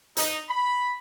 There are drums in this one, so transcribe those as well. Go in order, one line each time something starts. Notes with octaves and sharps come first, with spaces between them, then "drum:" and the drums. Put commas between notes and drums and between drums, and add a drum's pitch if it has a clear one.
D#4, drum: hi-hat
B5